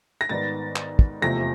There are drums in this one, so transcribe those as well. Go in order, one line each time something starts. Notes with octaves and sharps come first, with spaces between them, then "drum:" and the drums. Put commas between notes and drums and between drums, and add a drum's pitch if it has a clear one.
A#6
G#2 D#3 G3 B3 A6
drum: clap
drum: kick
F1 E2 C3 F3 A3 A#6